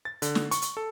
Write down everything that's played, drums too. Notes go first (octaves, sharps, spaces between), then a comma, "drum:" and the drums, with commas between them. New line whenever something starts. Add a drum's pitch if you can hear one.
A6
D3, drum: hi-hat
drum: snare
C#6, drum: hi-hat
drum: hi-hat
A4